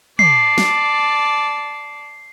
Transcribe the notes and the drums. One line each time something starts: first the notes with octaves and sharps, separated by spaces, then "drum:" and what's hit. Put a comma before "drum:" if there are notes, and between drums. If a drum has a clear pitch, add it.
D5 A5 C7, drum: tom
drum: snare